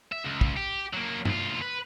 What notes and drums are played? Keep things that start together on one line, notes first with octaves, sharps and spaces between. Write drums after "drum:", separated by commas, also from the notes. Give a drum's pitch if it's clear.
E5
C#2
drum: kick
G4
F#3 A#3
D2 F4, drum: tom G2
B4